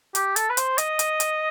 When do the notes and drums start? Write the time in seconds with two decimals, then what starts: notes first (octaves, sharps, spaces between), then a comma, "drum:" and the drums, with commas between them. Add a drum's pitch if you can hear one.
0.15 G4, drum: hi-hat
0.36 A4, drum: hi-hat
0.49 B4
0.57 C5, drum: hi-hat
0.78 D#5, drum: hi-hat
0.99 drum: hi-hat
1.20 drum: hi-hat